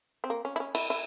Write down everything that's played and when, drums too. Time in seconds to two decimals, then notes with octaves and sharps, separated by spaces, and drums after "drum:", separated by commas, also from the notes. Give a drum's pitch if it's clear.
0.24 C4
0.30 A#3
0.45 C#4
0.56 E4
0.60 C#4
0.75 E4, drum: cymbal
0.90 E4